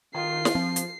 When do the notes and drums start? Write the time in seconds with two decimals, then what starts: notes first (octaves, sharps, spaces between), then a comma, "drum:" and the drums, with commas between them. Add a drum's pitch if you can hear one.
0.14 D#3 F4 C7
0.45 drum: snare
0.55 F3 C4
0.76 drum: hi-hat